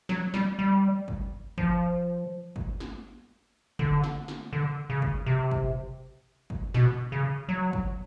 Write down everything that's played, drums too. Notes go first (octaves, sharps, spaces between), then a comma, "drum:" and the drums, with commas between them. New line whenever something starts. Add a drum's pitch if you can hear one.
F#3, drum: snare
G3, drum: snare
G3
drum: kick
F3, drum: kick
drum: kick
drum: snare
D3, drum: kick
drum: snare
drum: snare
D3
C#3
drum: kick
C3
drum: kick
drum: kick
B2, drum: snare
C#3
F#3
drum: kick